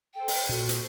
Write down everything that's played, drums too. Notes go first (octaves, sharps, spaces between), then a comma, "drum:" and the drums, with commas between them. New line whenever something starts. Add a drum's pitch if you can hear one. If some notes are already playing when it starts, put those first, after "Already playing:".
A4 C5 G5
drum: open hi-hat
A#2 F#4
drum: hi-hat